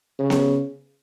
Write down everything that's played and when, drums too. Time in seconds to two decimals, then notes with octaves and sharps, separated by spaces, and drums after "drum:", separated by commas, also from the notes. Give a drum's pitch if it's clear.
0.19 C#3
0.30 drum: snare B3